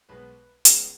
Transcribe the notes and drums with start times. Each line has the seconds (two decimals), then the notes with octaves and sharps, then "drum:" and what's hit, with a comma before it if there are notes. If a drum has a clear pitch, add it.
0.09 B1 B2 G#3 B3 B4 B5
0.65 C#2 C#3 B3 G#4 G#5, drum: hi-hat